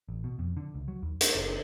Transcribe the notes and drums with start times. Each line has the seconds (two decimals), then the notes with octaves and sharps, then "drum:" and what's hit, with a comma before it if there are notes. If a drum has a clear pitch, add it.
0.09 A1
0.24 B2
0.39 F2
0.57 D3
0.74 C#2
0.88 F#3
1.02 D#2
1.21 D4, drum: hi-hat
1.35 F#1